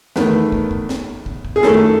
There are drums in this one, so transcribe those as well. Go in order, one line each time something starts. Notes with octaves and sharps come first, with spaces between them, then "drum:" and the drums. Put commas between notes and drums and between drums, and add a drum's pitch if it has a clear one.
E2 D#3 A3 B4, drum: snare
drum: kick
drum: kick
drum: snare
drum: kick
drum: kick
G#4
F#2 D#3 A3 A4, drum: snare